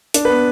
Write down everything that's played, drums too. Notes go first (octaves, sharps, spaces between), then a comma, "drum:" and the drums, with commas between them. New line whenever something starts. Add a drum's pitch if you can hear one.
D4, drum: hi-hat
B3 B4